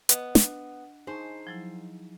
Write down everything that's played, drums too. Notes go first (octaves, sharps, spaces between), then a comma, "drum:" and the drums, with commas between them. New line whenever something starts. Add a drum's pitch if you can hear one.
B3 D#5, drum: hi-hat
D4, drum: snare
D#4 G#4 C5 G#5 A5 C#6
F3 F#3 E4